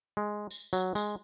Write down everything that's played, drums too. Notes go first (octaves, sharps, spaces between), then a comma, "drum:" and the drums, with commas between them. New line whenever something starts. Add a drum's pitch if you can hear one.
G#3
drum: tambourine
F#3, drum: tambourine
G#3, drum: tambourine